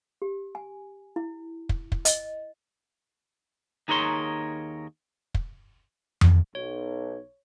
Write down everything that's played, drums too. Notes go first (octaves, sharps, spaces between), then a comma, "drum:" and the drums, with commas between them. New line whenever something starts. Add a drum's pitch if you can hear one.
G4
G#5
E4
drum: kick
drum: kick
D#5, drum: hi-hat
D#2 D#4 G#4 A#4 C#5 C6
drum: kick
drum: tom F2
B1 C#5